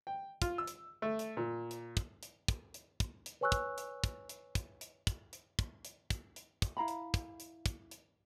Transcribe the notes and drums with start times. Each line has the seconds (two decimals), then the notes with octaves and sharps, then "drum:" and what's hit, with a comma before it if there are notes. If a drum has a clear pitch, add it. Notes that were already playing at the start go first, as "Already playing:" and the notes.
0.07 G5
0.42 F4, drum: kick, hi-hat
0.58 E6
0.67 drum: hi-hat
1.02 A3
1.19 drum: hi-hat
1.37 A#2
1.71 drum: hi-hat
1.97 drum: kick, hi-hat
2.23 drum: hi-hat
2.48 drum: kick, hi-hat
2.74 drum: hi-hat
3.00 drum: kick, hi-hat
3.26 drum: hi-hat
3.41 B4 C#5 G#5 C#6 E6 F#6
3.52 drum: kick, hi-hat
3.78 drum: hi-hat
4.04 drum: kick, hi-hat
4.29 drum: hi-hat
4.55 drum: kick, hi-hat
4.81 drum: hi-hat
5.07 drum: kick, hi-hat
5.33 drum: hi-hat
5.59 drum: kick, hi-hat
5.85 drum: hi-hat
6.10 drum: kick, hi-hat
6.36 drum: hi-hat
6.62 drum: kick, hi-hat
6.77 E4 F5 A#5 B5
6.88 drum: hi-hat
7.14 drum: kick, hi-hat
7.40 drum: hi-hat
7.66 drum: kick, hi-hat
7.91 drum: hi-hat